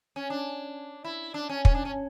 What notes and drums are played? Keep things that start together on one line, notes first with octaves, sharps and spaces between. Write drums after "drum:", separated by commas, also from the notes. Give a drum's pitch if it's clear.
C#4
D4
E4
D4
C#4
C#4, drum: kick
D4
C#4